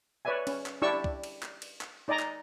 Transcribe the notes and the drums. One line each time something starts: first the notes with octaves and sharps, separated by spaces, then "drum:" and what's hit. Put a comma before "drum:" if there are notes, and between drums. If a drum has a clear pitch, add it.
B4 C#5 D5 E5 G#5
C#4, drum: cymbal
drum: clap
D4 E4 G4 D5 C#6 E6
drum: kick C2
drum: cymbal
drum: clap
drum: cymbal
drum: clap
D#4 D5 D#5 G#5 A#5
drum: clap